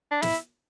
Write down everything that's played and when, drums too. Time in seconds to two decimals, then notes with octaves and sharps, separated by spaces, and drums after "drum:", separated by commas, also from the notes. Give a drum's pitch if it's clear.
0.11 D4
0.22 E4, drum: snare